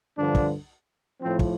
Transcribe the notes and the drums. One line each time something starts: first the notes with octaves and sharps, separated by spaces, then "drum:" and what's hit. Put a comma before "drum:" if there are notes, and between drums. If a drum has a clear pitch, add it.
G2 D3 F3 D4
drum: kick
A2 F3 C4
drum: kick